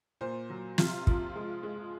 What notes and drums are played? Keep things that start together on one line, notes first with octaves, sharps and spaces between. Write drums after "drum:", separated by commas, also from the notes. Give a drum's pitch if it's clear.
A#2 C5
F#3
C3 F4, drum: snare
F3, drum: kick
G#3
G#3